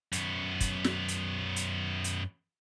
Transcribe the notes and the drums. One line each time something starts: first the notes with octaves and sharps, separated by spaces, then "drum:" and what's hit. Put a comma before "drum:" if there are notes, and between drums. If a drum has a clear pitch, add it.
F#2 B3, drum: hi-hat
drum: kick, hi-hat
drum: snare
drum: hi-hat
drum: hi-hat
drum: hi-hat